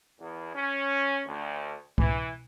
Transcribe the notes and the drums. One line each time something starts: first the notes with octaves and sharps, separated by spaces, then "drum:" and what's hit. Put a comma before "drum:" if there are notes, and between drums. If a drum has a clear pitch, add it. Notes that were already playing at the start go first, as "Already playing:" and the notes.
E2
C#4
D2
E3, drum: kick C2